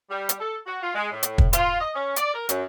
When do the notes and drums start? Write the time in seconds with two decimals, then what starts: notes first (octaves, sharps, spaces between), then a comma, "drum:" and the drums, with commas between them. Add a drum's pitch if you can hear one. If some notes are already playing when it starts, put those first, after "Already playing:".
0.10 G3
0.29 drum: hi-hat
0.40 A4
0.66 F#4
0.82 F4
0.94 G#3
1.12 A2
1.23 drum: hi-hat
1.38 drum: kick
1.53 F4, drum: hi-hat
1.81 D#5
1.95 C#4
2.16 D5, drum: hi-hat
2.34 A#4
2.49 F#2, drum: hi-hat